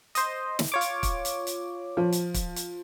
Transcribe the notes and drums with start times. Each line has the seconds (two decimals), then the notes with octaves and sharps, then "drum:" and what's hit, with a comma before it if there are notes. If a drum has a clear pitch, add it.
0.15 C5 D#5, drum: hi-hat
0.59 drum: snare
0.72 F4 C#5 D6
0.81 drum: hi-hat
1.03 drum: kick, hi-hat
1.25 drum: hi-hat
1.47 drum: hi-hat
1.97 F3
2.12 drum: hi-hat
2.34 drum: kick, hi-hat
2.56 drum: hi-hat